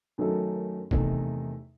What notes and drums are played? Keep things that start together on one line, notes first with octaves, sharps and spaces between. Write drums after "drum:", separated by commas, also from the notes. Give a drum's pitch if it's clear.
F#2 D#3 A3 D#4 A4
E2 C3 D#3 A3 D#4, drum: kick